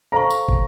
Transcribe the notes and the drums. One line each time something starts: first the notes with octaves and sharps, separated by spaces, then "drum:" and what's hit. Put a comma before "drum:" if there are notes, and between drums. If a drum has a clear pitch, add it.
A4 C5 F5 A5 A#5 C#6
drum: tambourine
drum: kick